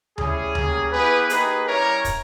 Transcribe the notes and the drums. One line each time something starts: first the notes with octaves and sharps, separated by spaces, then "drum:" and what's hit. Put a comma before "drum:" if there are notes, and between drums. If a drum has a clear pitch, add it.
G3 C#4 E4 G#4, drum: tom D2
G3 A#3 C#4, drum: tom D2
B3 E4 G4 G#4 B4
A#3 D#4 G4 G#4 B4, drum: hi-hat
G3 C#4 E4 G4 A#4 C#5
drum: kick, hi-hat